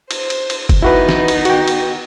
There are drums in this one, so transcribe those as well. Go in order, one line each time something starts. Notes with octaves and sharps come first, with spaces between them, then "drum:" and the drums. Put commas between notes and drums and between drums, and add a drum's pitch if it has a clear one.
C5, drum: cymbal
drum: cymbal
drum: cymbal
drum: kick F#1, cymbal
D#3 B3 D#4 E4 F#4 B4
drum: snare
drum: cymbal
F#4 G5, drum: cymbal
drum: cymbal